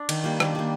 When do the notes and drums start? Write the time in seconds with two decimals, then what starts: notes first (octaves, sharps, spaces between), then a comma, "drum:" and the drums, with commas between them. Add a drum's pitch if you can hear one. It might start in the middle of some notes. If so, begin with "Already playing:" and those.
Already playing: D4
0.09 D#3, drum: cymbal
0.24 G3 A#3
0.40 D#3 D4, drum: rim click
0.55 G3 A#3